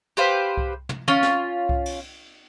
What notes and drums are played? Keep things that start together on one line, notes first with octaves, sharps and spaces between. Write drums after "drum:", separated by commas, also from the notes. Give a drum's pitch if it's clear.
G4 B4 C5 F5
drum: kick C2
drum: tom
C#4 F4, drum: tom
drum: snare
drum: kick C2
drum: cymbal